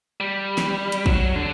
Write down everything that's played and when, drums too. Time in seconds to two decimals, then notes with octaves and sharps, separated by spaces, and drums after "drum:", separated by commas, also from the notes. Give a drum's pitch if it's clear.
0.20 G3
0.58 drum: snare
0.92 drum: hi-hat
1.06 F#3, drum: kick
1.36 D3